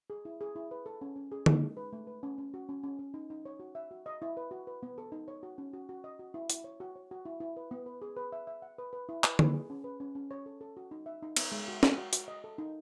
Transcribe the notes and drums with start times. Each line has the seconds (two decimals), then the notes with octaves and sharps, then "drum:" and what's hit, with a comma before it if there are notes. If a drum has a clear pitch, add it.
0.10 G#4
0.25 E4
0.41 G#4
0.56 E4
0.71 B4
0.86 A4
1.01 C#4
1.16 C#4
1.32 G#4
1.46 D#4, drum: tom D3
1.62 G#3
1.77 B4
1.93 A3
2.07 B4
2.23 C#4
2.38 C#4
2.54 F#4
2.69 C#4
2.83 C#4
2.99 C#4
3.14 D#4
3.30 D#4
3.45 C#5
3.60 F#4
3.75 E5
3.91 F#4
4.06 D#5
4.22 E4
4.37 B4
4.51 F#4
4.67 B4
4.83 B3
4.98 A4
5.12 D#4
5.28 C#5
5.43 F#4
5.58 C#4
5.73 F#4
5.89 F#4
6.04 D#5
6.19 F#4
6.34 E4
6.50 E4, drum: hi-hat
6.64 C#5
6.80 F#4
6.96 C#5
7.11 F#4
7.25 E4
7.40 E4
7.57 B4
7.71 B3
7.86 B4
8.02 G#4
8.17 B4
8.32 E5
8.47 E5
8.62 F#5
8.78 B4
8.93 B4
9.09 E4
9.24 B4, drum: clap
9.39 B4, drum: tom D3
9.54 G#4
9.70 C#4
9.84 B4
10.00 C#4
10.15 C#4
10.31 C#5
10.46 A4
10.61 A4
10.77 F#4
10.91 D#4
11.06 E5
11.22 D#4
11.36 B3, drum: cymbal
11.52 G#3
11.68 F#4
11.83 F#4, drum: snare
11.98 F#4
12.13 F#4, drum: hi-hat
12.28 D#5
12.44 A4
12.58 D#4